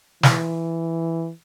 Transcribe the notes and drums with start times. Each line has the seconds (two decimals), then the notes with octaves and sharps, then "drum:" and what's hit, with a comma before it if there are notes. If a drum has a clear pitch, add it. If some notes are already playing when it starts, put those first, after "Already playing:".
0.23 E3, drum: snare